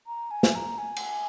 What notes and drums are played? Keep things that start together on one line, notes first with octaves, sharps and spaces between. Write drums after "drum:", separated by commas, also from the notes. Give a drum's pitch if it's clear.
A#5
G#5
drum: snare
A#5
G#5
drum: cymbal